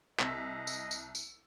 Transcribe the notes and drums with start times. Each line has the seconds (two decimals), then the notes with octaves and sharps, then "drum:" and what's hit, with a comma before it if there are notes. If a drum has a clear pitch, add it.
0.20 C2 D#5 E6 B6, drum: clap
0.67 drum: tambourine
0.91 drum: tambourine
1.15 drum: tambourine